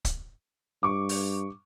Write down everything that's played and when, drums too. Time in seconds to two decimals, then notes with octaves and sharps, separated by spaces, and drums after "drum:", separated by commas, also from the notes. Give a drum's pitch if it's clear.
0.05 drum: kick C#1, hi-hat
0.83 G2 C#6 D6
1.09 drum: open hi-hat